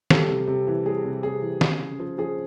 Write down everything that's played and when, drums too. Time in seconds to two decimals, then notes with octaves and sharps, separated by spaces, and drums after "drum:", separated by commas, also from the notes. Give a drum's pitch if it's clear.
0.10 G3 A4, drum: snare
0.29 C3
0.48 C3
0.67 E3
0.86 G3 G#4
1.04 C3
1.23 C3 G#4
1.42 E3
1.61 C#3, drum: snare
1.80 C#3
1.99 F3
2.18 F3 G#4